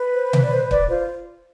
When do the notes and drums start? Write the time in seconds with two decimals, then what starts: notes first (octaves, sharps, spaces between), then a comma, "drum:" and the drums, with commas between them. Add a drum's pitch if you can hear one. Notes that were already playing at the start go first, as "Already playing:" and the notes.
Already playing: B4
0.14 C5
0.33 drum: tom B2
0.43 D5
0.52 C5
0.71 D5, drum: kick
0.90 F4 C5